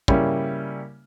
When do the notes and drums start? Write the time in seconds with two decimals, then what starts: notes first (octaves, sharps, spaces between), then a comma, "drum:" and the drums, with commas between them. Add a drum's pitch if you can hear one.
0.08 C#3 G3 A#3 C#4 E4, drum: kick